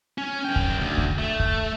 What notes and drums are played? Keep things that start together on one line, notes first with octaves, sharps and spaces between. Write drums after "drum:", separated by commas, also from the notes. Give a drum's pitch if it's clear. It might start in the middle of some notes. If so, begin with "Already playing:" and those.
C#4
F#2 G5
drum: kick
D2
drum: kick
A3
drum: kick